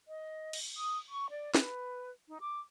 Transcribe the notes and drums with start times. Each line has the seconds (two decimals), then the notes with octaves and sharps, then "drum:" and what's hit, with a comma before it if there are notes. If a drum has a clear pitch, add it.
0.08 D#5
0.53 drum: cymbal
0.77 D#6
1.09 C#6
1.30 D5
1.55 B4, drum: snare
2.28 D#4
2.41 D6